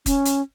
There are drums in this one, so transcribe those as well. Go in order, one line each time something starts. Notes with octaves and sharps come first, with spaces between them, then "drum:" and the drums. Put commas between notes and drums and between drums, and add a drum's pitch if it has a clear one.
C#4, drum: kick, hi-hat
drum: hi-hat